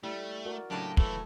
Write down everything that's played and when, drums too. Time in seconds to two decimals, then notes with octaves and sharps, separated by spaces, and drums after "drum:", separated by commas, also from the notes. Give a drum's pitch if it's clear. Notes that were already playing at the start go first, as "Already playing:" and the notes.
0.03 G3 A3 E4
0.45 F#4 A#4 D5
0.71 A2 C#3 F#3 A#3 D4 G4
0.97 E3 A3, drum: kick